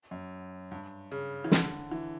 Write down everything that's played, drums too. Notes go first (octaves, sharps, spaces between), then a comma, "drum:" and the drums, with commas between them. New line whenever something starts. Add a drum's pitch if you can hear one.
F#2
G2
C#3
E3
D3, drum: snare
E3